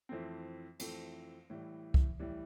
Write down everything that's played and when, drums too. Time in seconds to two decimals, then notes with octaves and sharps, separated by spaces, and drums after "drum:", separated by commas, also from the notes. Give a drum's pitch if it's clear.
0.09 F2 E3 A3 C4
0.79 F2 E3 A3 C4, drum: cymbal
1.50 A2 E3 G3
1.94 drum: kick
2.19 A2 E3 G3